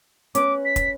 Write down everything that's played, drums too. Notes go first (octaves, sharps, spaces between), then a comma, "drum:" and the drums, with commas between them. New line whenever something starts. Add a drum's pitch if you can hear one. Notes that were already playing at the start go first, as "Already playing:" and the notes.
C#4 B4 D6, drum: hi-hat
B6
drum: kick, hi-hat